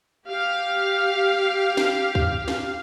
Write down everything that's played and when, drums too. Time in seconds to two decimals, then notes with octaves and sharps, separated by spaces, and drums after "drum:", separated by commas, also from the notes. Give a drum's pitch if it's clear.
0.27 G4 F5
1.77 drum: snare
2.15 drum: kick
2.48 drum: snare